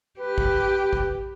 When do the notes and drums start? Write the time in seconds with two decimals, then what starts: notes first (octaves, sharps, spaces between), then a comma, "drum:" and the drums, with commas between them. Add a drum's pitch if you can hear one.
0.19 G4 B4
0.38 drum: kick
0.93 drum: kick